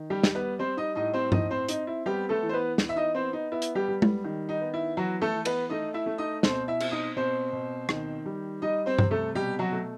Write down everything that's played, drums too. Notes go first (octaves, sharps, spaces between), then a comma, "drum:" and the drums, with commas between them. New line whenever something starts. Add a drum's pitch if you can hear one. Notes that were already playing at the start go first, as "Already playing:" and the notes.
Already playing: D#3
G3 G4
G3, drum: snare
B3 B4
G3 C4 C5
D#4 D#5
A2 D#4 D#5
C4 C5
C4 D#4 D#5, drum: tom G2
C4 C5
C4 D#4, drum: hi-hat
E4
G3 B3 G4
A3 A4
E3
C5
B3 B4
B3, drum: snare
E5
D#4 D#5
B3 C4 C5
D#4
B3 E4
drum: hi-hat
G3 G4
G3
drum: tom G#3
D#3
D#4
B3
E4
E3 F#3 F#4
A3 A4
E3
B3 B4, drum: cymbal
A3 D#4 D#5
E4 E5
A3
D#4 D#5
B2 C4 C5, drum: snare
E4 E5
C4, drum: cymbal
D#4 D#5
B2 C4 C5
B2
D#3, drum: rim click
G3
G3 D#4 D#5
C4 C5
C3, drum: tom G2
A3 A4
B2 G3 G4
F#3 F#4
A3